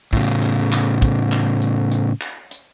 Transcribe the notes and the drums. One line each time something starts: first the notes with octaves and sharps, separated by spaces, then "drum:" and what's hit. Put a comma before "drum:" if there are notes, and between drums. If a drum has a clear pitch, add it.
A2 C#3, drum: kick
drum: hi-hat
drum: clap
drum: kick, hi-hat
drum: clap
drum: hi-hat
drum: hi-hat
drum: clap
drum: hi-hat